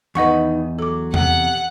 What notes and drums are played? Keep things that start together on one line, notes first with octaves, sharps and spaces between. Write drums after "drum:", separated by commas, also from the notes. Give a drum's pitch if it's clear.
E2 D#3 D#4 B4 D#5 F#5 C#6
F#3 A4 D6
C3 F#5, drum: tom E2